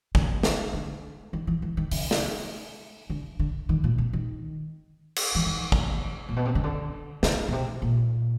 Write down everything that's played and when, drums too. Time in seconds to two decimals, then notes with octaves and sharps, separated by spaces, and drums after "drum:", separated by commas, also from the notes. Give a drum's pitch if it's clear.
0.15 D3, drum: kick G#1
0.43 D3, drum: snare
0.74 D3
1.33 D#3
1.47 E3
1.62 E3
1.77 D#3
1.91 C#3, drum: open hi-hat
2.11 drum: snare
3.10 D3
3.39 D3
3.69 D#3
3.84 A#2
3.98 C3
4.13 D#3
5.16 drum: cymbal
5.35 E3
5.46 D#3
5.72 drum: kick G#1
6.29 A#2
6.36 B2
6.45 C3
6.55 C#3
6.63 D3
7.23 C#3, drum: snare
7.48 B2
7.52 C3
7.82 A#2